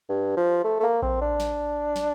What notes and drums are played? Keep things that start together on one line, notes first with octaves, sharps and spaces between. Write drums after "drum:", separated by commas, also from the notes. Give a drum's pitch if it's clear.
G2
F3
A3
A3
A#3
C4, drum: kick A#1
D4
drum: snare
drum: snare